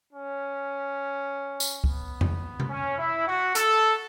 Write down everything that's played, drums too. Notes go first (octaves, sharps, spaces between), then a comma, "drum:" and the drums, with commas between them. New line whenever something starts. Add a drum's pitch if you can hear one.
C#4
drum: tambourine
B3, drum: kick
drum: tom F2
drum: tom C3
C#4
E4
F#4
A4, drum: hi-hat